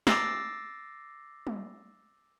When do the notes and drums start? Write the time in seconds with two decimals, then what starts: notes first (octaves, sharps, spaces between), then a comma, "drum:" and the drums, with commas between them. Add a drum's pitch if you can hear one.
0.07 D6 E6 A6 A#6 C7, drum: snare
1.47 drum: tom